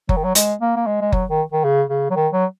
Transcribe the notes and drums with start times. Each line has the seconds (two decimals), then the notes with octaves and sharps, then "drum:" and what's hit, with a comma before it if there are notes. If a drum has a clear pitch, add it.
0.09 F#3, drum: kick F#1
0.17 D#3
0.24 F#3
0.35 G#3, drum: hi-hat
0.61 A#3
0.76 A#3
0.86 G#3
1.01 G#3
1.12 F#3, drum: kick F#1
1.30 D#3
1.52 D#3
1.64 C#3
1.90 C#3
2.10 F#3
2.16 D#3
2.33 F#3